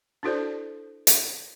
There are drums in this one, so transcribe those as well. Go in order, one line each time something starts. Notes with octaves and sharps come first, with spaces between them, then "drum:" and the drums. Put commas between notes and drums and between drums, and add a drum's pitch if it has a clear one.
D4 E4 F#4 A4 C5 D5
drum: hi-hat